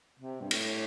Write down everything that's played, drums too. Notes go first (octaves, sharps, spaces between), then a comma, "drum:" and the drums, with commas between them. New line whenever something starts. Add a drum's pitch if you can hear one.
C3
G2
A2, drum: cymbal